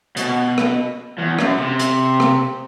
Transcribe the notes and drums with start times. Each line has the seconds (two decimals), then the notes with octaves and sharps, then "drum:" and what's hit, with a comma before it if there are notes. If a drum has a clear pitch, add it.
0.17 B2, drum: hi-hat
0.58 drum: rim click
1.18 E2
1.39 F#2, drum: rim click
1.60 C3
1.79 drum: hi-hat
2.20 drum: rim click